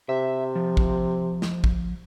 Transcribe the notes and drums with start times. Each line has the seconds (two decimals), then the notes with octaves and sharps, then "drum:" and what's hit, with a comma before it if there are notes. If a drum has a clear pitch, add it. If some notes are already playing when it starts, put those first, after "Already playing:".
0.09 C3 E5
0.55 F3
0.77 drum: kick
1.42 drum: snare
1.64 drum: kick